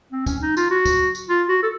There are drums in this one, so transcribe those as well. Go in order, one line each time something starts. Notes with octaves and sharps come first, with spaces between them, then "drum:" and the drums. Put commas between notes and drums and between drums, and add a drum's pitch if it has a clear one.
C4
C#4, drum: kick, tambourine
D#4
F4, drum: tambourine
F#4
drum: kick, tambourine
drum: tambourine
F4
F#4
A4